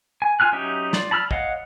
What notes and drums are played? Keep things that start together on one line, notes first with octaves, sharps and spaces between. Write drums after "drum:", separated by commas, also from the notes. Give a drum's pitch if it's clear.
G#5
F4 G#5 F6 F#6
F#3 C#4 D#4 G4 E5
F4 D5, drum: snare
A5 B5 E6 F6
C#5 D#5 F5 F#5, drum: kick